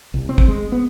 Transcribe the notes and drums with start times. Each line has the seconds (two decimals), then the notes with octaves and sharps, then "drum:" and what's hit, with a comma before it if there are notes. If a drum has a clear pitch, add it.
0.14 C2
0.29 C4
0.38 drum: kick
0.48 G#3
0.72 B3